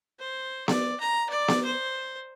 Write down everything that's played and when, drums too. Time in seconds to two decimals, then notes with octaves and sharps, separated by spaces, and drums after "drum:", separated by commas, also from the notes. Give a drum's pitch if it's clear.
0.19 C5
0.68 D5, drum: snare B3
1.00 A#5
1.29 D5
1.48 drum: snare B3
1.64 C5